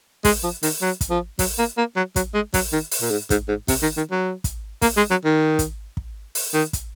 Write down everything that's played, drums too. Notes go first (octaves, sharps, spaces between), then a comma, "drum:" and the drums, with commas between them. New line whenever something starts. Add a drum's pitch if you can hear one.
G#3, drum: kick, open hi-hat
F3
D#3, drum: open hi-hat
F#3
drum: kick, hi-hat
F3
F#3, drum: kick, open hi-hat
A#3
A#3
F#3
F#3, drum: kick, hi-hat
G#3
F#3, drum: kick, open hi-hat
D#3
drum: open hi-hat
A#2
G#2
G#2, drum: kick, hi-hat
G#2
C3, drum: kick, open hi-hat
D#3
D#3
F#3
drum: kick, hi-hat
A#3, drum: kick, open hi-hat
G#3
F#3
D#3
drum: kick, hi-hat
drum: kick
drum: open hi-hat
D#3
drum: kick, hi-hat